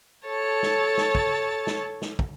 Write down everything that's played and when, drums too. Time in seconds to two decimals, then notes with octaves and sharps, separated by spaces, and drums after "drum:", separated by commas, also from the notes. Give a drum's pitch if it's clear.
0.28 A4 C#5 A5
0.63 drum: snare
0.97 drum: snare
1.15 drum: kick
1.67 drum: snare
2.02 drum: snare
2.19 drum: kick